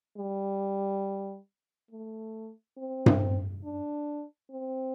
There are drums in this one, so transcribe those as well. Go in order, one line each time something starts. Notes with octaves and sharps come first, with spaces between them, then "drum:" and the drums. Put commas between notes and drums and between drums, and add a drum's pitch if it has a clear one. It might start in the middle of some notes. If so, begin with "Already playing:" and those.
G3
A3
C4
drum: tom G2
D4
C4